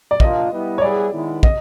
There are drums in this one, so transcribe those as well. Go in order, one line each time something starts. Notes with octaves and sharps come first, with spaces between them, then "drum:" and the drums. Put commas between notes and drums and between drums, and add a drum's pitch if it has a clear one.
D5
A#2 F3 A#3 D4 F4 D#5, drum: kick
G3 B3 E4
C#5
G3 B3 E4 G#4 D5
D#3 G#3 B3 E4
D#5, drum: kick